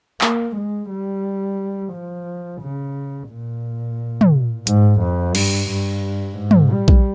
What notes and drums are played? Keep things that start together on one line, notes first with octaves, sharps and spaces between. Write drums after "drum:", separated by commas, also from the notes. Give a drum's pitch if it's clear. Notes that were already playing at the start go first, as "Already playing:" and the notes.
A#3, drum: clap
G#3
G3
F3
C#3
A#2
drum: tom
G#2, drum: hi-hat
F2
G2, drum: cymbal
G2
G#2
drum: tom
G3
drum: kick A#1